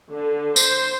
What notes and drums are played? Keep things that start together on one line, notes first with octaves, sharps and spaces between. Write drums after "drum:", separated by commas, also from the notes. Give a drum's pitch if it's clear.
D3
C5, drum: tambourine